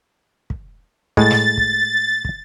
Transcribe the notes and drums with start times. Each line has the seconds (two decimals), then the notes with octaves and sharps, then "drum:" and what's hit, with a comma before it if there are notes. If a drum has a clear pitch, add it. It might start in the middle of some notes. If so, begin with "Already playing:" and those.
0.50 drum: kick
1.17 A2 G#3 A6, drum: kick
1.31 drum: snare
1.57 drum: kick
2.25 drum: kick